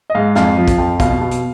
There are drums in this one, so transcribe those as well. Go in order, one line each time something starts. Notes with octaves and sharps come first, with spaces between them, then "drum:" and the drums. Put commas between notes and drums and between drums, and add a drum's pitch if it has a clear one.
D#5
G#2 F5
F2 F5, drum: snare
F3
drum: kick, hi-hat
F2
B2 F5, drum: kick, hi-hat
B2
drum: hi-hat